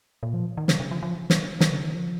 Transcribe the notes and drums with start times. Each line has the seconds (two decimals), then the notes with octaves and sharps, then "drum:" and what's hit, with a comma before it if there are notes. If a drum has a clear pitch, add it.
0.23 A#2
0.34 F3
0.57 D#3
0.68 C#3, drum: snare
0.80 C#3
0.91 F3
1.03 F3
1.30 drum: snare
1.60 D#3, drum: snare
1.72 C#3
1.83 D#3
1.94 F3